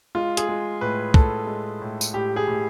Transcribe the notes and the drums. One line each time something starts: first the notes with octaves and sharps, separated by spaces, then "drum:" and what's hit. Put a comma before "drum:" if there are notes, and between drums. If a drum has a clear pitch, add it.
G#3 F4
G#4, drum: hi-hat
G#3
A2 B4
A2 A4, drum: kick
G#3
A2
drum: tambourine
A2 G4
G#4
A2